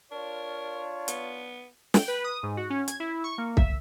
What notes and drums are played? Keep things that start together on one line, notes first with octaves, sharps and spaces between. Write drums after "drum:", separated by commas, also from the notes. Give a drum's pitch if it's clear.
D4 F4 A#4 C#5
B3, drum: hi-hat
G5, drum: snare
B4
D#6
G#2
F#4
C#4
G#6, drum: hi-hat
E4
C#6
A#3
E5, drum: kick C2